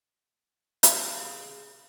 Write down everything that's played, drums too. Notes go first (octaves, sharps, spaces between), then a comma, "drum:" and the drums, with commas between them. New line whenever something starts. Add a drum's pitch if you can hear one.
drum: hi-hat
G#4 F5